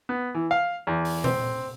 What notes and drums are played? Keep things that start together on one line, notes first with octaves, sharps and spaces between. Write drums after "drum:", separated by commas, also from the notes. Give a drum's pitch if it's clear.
B3
E3
F5
E2
drum: open hi-hat
C4, drum: tom A#2